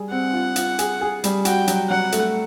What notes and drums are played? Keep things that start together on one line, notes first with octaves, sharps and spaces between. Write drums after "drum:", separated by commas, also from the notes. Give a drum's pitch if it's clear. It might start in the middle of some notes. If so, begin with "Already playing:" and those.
Already playing: G3 G#4
C4 F#5
F4
F4, drum: hi-hat
G#4, drum: hi-hat
G#4
G3, drum: hi-hat
F#4 G5, drum: hi-hat
F#3, drum: hi-hat
F#3 F#5
A3, drum: hi-hat